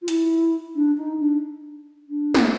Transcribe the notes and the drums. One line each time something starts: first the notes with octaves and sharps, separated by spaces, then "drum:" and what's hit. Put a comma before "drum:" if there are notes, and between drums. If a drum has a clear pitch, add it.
F4
E4, drum: hi-hat
D4
D#4
D4
D4
drum: snare